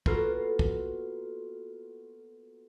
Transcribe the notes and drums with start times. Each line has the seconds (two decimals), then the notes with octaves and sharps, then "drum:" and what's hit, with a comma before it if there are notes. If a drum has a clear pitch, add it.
0.06 A#3 B3 F4 F#4 A4 A#4, drum: kick
0.59 drum: kick